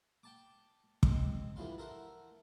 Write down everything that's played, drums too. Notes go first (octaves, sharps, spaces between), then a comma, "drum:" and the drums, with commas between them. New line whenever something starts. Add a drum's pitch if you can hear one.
G5 A5 D6
G#3 C4 A4 C5, drum: kick
D3 E3 F3 G3 F5 C6
A4 A#4 C5 E5 F#5